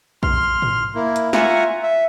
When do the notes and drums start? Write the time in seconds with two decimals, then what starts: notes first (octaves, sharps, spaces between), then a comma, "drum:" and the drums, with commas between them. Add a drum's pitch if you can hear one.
0.23 C6 F6, drum: kick A#1
0.62 drum: tom G#2
0.95 A#3 E4
1.16 drum: hi-hat
1.33 F4 E5 F#5 G#5 A#5 C#6, drum: snare
1.83 E5